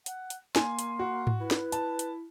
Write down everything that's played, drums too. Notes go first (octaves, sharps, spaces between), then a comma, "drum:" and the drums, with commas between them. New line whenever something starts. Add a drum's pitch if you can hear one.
F#5, drum: hi-hat
drum: hi-hat
A#3 G#5 C6, drum: snare
drum: hi-hat
F#4
drum: tom G#2
E4 B4
drum: snare
A5, drum: hi-hat
drum: hi-hat